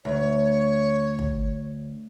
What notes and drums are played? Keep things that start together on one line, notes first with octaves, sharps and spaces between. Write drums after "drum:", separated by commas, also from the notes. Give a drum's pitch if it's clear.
D2 C#5
drum: kick